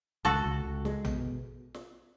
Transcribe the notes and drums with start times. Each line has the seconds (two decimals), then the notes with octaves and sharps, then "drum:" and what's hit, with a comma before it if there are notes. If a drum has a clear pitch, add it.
0.25 C#2 F#4 A4
0.46 C#2
0.65 C#2
0.85 G#3, drum: snare
1.05 B2, drum: tom A#1
1.74 drum: snare